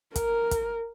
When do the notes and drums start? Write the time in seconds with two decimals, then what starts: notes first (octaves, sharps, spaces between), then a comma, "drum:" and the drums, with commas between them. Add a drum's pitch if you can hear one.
0.16 A#4, drum: kick, hi-hat
0.51 drum: kick, hi-hat